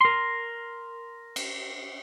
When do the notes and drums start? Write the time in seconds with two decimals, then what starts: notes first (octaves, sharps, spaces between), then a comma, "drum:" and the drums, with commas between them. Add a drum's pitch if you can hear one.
0.01 A#4 C6
1.36 drum: cymbal